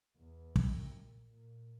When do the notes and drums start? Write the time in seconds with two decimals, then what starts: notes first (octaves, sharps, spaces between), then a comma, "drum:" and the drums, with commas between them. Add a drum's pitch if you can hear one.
0.17 E2
0.56 F#2, drum: kick
0.93 A#2
1.31 A#2